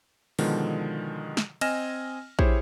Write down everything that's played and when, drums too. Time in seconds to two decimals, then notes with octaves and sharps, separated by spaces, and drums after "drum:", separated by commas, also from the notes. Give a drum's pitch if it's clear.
0.39 B2 D3 D#3 F3 G#3, drum: open hi-hat
1.37 drum: snare
1.61 C4 D#5 G#5 F6 A#6 E7, drum: cymbal
2.39 E4 G4 G#4 C5 C#5, drum: kick A#1